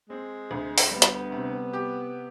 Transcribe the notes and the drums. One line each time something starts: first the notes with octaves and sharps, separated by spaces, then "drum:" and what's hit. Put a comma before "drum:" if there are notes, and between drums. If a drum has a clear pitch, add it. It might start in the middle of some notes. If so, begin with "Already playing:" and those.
G#3 C4
D2
drum: open hi-hat
G3 B3
drum: hi-hat
C3
G4